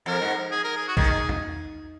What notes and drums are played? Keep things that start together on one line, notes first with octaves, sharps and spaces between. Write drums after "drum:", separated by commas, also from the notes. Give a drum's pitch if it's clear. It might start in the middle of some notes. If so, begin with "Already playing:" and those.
F2 A#4
G#2
G#4
A#4
G#4
F#4
D#3 G#4, drum: kick
drum: tom E2